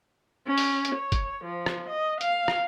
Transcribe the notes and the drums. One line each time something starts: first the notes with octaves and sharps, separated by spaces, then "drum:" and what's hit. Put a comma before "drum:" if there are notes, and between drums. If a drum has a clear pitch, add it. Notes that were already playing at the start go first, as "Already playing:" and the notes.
C#4
drum: open hi-hat
drum: hi-hat
C#5
drum: kick, hi-hat
F3
drum: rim click
D#5
F5, drum: hi-hat
drum: rim click